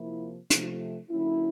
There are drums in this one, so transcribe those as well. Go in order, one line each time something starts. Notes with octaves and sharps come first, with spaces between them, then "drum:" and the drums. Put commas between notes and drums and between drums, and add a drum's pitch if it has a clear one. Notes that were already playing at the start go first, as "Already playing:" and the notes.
Already playing: C3 F3 A#3 E4
C3 F3 A3, drum: hi-hat
D3 F#3 A#3 C#4 E4